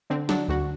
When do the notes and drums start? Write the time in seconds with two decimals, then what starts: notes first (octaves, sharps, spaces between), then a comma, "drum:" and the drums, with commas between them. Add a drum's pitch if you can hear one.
0.10 D3 C4
0.29 F#3 D4, drum: snare
0.48 D2 F#4